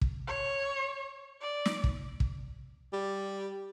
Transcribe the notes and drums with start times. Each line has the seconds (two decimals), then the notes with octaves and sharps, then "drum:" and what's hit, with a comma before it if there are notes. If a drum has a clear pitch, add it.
0.01 drum: kick
0.27 C#5
1.42 D5
1.65 drum: snare
1.84 drum: kick
2.20 drum: kick
2.93 G3